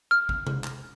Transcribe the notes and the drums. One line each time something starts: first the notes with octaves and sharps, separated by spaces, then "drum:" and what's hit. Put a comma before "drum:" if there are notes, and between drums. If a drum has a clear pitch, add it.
F6
drum: kick G#1
drum: tom C3
drum: clap